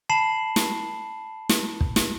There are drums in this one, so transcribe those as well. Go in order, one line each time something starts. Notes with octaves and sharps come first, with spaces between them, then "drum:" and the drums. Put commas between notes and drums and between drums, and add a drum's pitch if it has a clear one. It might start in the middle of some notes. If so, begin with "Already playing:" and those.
A5 B5 C7 E7 F#7
drum: snare
drum: snare
drum: kick
drum: snare